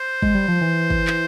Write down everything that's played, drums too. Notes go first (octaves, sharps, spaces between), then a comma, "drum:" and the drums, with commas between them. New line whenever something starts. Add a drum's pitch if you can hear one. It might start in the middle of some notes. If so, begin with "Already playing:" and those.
Already playing: C5
G#3, drum: kick
G3
F3
E3
drum: kick
drum: clap